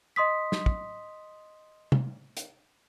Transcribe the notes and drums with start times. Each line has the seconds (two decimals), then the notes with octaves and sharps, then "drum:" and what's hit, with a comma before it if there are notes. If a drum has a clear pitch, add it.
0.16 D#5 C6 D#6 B6
0.52 drum: snare
0.66 drum: kick
1.92 drum: tom C3
2.37 drum: hi-hat